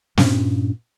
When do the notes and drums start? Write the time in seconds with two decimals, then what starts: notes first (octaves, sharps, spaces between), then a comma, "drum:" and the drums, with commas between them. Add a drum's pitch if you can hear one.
0.17 G2 A#2 C#4 D4, drum: snare